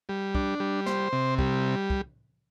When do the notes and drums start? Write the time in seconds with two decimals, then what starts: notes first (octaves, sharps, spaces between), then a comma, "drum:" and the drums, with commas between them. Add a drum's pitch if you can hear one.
0.09 G3
0.35 D4, drum: kick
0.60 G3
0.86 C5, drum: snare
1.13 C3
1.39 G3, drum: kick
1.90 drum: kick